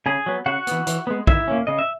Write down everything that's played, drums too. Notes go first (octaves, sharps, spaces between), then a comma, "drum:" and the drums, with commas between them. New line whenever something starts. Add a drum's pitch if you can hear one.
C#3 G#4 G#5
F#3 B3
C#3 F#4 F#5
E3 B3, drum: hi-hat
E3, drum: hi-hat
G#3 B3
D#3 E4 E5, drum: kick
A#3 C#4
C#3 D#5
E5